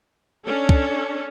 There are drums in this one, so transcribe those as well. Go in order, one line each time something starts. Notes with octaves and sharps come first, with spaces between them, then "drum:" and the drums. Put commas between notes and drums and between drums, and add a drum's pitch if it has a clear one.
C#4 D4 A4
drum: kick